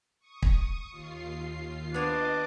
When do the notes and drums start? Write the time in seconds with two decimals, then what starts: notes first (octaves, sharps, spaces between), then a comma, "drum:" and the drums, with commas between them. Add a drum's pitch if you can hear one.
0.19 C#6 D#6
0.43 drum: kick
0.90 D#2 F4 C7
1.94 B3 D4 C#5 D#5 D6